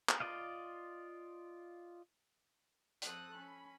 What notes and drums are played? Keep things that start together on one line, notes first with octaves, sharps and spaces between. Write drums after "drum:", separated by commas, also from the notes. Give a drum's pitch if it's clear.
drum: clap
F4 D5 D#5 F5
F3 C4 A4 D#6 F#6, drum: hi-hat
C#4 B5